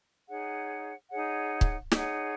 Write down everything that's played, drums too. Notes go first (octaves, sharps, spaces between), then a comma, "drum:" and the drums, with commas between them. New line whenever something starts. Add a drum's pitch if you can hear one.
D#4 G#4 C#5 F#5
D#4 G#4 C#5 F#5
drum: kick
D#4 G#4 C#5 F#5, drum: snare